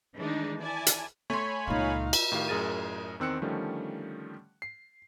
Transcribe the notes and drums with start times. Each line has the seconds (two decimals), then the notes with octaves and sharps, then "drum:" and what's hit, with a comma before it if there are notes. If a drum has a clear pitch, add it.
0.16 D#3 E3 G#3 A3 D4 D#4
0.61 E4 D5 G#5 A5
0.87 drum: hi-hat
1.30 A3 C#5 G#5 B5 C6
1.67 C#2 A#2 D#4 F5
2.13 drum: cymbal
2.32 A2 D#3 G4 F5
2.48 F#2 A2 G#4 A#4 A6 D#7
3.20 E2 D#3 C4 E6 F#6 C#7
3.42 D3 D#3 F3 G3 A3 C#4
4.62 C7